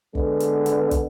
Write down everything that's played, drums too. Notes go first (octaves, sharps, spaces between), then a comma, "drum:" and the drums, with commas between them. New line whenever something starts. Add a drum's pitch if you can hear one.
D3 G#3 B3, drum: kick
drum: hi-hat
drum: hi-hat
drum: kick, hi-hat